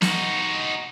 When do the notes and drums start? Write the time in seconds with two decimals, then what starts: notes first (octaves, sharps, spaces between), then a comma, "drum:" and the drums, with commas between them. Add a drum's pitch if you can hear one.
0.02 D#4 F#4, drum: snare